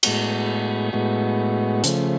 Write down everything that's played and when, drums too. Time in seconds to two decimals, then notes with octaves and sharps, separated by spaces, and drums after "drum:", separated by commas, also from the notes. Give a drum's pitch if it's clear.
0.03 A2 G#3 B3 F#4, drum: cymbal
0.93 A2 G#3 B3 F#4
1.84 C#3 F3 A3, drum: hi-hat